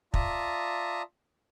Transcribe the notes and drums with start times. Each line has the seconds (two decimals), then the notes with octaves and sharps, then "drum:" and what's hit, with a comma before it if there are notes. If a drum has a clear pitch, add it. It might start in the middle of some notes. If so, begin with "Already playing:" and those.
0.14 F4 D5 E5 A5 A#5 D#6, drum: kick